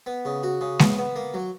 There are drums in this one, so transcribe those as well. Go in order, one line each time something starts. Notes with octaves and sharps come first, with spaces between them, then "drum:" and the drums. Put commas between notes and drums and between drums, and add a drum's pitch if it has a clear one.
B3
C#3
F#4
C#3
B3, drum: snare G#3
B3
A#3
F#3